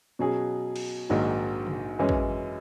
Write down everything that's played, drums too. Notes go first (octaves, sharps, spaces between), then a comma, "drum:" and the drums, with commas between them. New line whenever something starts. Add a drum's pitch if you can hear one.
B2 F#3 C#4 G#4
drum: cymbal
A#1 G#2 D#3 F#3
drum: tom
F#2 E3 G#3 C#4
drum: kick